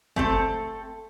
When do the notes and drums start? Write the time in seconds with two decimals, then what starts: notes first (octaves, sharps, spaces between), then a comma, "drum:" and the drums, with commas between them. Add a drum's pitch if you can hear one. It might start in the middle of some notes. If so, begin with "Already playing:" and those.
0.16 A3 C4 A4, drum: kick F#1